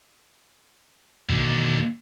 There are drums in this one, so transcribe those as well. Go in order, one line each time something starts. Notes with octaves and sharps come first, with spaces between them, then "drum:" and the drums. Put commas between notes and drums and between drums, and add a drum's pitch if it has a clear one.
D#2 B2 D3, drum: kick